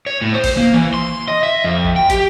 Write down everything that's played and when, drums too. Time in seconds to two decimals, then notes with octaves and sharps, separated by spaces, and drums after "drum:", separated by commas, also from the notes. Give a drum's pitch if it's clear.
0.06 C#5
0.22 A2
0.34 C5
0.43 drum: kick, open hi-hat
0.57 A#3
0.74 E3
0.94 C6
1.28 D#5
1.43 E5
1.64 F2
1.84 drum: kick
1.96 G5
2.10 G4, drum: kick, hi-hat